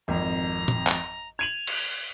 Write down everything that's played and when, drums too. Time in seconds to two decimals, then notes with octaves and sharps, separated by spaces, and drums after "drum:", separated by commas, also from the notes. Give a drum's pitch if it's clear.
0.08 G#1 F2 A#5
0.68 drum: tom
0.87 drum: clap
1.39 G#6 D#7 F7 F#7
1.67 drum: cymbal